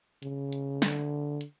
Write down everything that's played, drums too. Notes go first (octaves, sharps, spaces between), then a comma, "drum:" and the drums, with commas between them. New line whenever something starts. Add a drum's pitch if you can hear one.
C#3, drum: hi-hat
drum: hi-hat
D3, drum: snare
drum: hi-hat